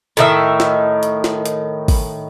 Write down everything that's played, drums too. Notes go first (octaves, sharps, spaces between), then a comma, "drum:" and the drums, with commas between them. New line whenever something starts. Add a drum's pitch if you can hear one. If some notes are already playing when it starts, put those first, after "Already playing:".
A2 D#3 E5, drum: hi-hat
drum: snare
drum: hi-hat
drum: snare
drum: hi-hat
drum: kick, open hi-hat